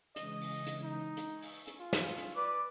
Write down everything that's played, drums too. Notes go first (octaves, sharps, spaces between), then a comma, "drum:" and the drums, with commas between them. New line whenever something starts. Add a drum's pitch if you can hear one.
C#3 E3 G#3 D#5, drum: hi-hat
drum: open hi-hat
drum: hi-hat
D#4
drum: hi-hat
G#5 C#6 E6
drum: open hi-hat
drum: hi-hat
F4
drum: snare
drum: hi-hat
B4 D5